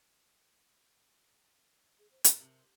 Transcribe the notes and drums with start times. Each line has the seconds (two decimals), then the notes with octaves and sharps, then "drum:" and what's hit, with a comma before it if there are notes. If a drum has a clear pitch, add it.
1.99 G#4
2.11 C5
2.24 A#4, drum: hi-hat
2.41 C3